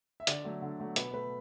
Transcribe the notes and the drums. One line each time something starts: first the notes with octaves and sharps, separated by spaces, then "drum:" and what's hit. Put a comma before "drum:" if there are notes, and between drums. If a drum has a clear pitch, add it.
E5
D3 D5, drum: hi-hat
F#3 A3
D3
F#3 A3
B2 B4, drum: hi-hat
A3 B4